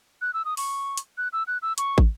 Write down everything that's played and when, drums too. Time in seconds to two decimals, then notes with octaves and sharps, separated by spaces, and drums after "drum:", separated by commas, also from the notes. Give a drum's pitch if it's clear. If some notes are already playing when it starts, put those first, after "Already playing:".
0.22 F#6
0.34 E6
0.45 D#6
0.57 C#6, drum: open hi-hat
0.97 drum: hi-hat
1.18 F#6
1.33 E6
1.47 F#6
1.62 E6
1.78 C#6, drum: hi-hat
1.98 drum: kick